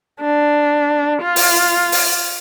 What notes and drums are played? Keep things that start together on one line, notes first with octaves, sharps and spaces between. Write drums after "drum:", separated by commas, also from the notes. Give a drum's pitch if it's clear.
D4
F4
drum: open hi-hat
drum: open hi-hat